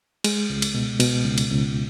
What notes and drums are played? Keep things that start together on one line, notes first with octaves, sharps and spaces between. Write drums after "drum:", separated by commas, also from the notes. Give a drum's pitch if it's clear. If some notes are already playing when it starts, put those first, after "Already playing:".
G#3, drum: cymbal
C#2
drum: cymbal
B2
B2, drum: cymbal
C#2
drum: cymbal
C#2